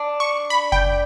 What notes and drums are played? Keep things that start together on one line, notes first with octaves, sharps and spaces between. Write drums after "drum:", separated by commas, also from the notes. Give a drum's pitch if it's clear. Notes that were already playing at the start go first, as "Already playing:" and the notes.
Already playing: D4
C#6
B5
G5, drum: kick F#1